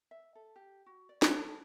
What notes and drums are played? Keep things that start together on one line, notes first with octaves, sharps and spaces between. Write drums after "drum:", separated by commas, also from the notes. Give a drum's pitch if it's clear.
E5
A4
G4
F#4
D5
D#5, drum: snare
A4